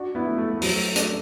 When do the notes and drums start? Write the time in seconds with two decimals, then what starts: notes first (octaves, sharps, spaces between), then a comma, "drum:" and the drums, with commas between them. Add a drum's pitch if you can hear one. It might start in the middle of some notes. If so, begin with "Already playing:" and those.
Already playing: D4 F#4
0.15 B3 E4
0.27 A3
0.38 A3
0.49 A3
0.62 F#3, drum: open hi-hat
0.73 A3
0.96 A3 D4, drum: hi-hat